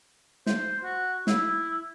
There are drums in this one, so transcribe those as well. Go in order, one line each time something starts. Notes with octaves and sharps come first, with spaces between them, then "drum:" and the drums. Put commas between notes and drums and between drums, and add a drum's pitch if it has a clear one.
C5, drum: snare
F#4
E4, drum: snare